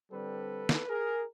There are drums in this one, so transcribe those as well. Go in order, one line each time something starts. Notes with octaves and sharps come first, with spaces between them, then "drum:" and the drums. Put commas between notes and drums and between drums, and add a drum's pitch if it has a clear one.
D3 G3 C4 A4 B4
drum: snare
G#4 A#4